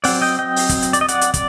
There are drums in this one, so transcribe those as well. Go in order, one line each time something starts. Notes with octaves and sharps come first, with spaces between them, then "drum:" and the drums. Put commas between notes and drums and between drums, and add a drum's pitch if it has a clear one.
F#3 C4 D5 F#5, drum: open hi-hat
D#5 G5
D#5 G5
drum: open hi-hat
drum: kick, hi-hat
drum: hi-hat
D5, drum: hi-hat
D#5
D5 F#5, drum: hi-hat
drum: hi-hat
D5, drum: kick, hi-hat